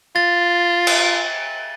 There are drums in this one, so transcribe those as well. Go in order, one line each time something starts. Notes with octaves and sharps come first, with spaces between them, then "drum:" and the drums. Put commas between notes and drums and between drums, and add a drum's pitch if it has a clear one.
F4 A6
drum: cymbal